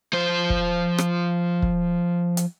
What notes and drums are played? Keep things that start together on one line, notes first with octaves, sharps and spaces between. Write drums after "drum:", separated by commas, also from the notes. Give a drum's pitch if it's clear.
F3 C5
drum: kick
drum: rim click
drum: kick
drum: hi-hat